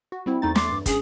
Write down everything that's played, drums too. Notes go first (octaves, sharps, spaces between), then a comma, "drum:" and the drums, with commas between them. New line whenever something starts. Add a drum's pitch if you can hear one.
F#4
G3 C4 E4
E2 A3 D#4 A6
C6 D6, drum: snare
G2
C#4 G#4, drum: kick, hi-hat